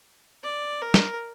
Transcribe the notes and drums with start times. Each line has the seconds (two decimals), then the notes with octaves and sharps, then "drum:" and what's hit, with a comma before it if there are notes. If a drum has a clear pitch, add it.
0.43 D5
0.82 A#4
0.94 drum: snare